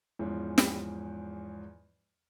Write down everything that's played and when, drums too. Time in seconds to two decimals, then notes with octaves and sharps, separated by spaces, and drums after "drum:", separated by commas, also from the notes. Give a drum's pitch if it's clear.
0.19 E2 G#2 E3 F3 C#4
0.58 drum: snare